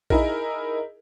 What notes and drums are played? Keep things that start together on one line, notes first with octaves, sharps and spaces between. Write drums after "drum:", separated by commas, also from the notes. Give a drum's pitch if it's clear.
D#4 E4 G#4 A#4, drum: kick A#1